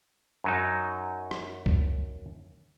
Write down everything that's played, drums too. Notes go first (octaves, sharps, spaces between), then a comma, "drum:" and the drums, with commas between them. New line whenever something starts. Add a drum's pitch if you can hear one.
F#2 F#3 D#4
drum: rim click
drum: kick C#2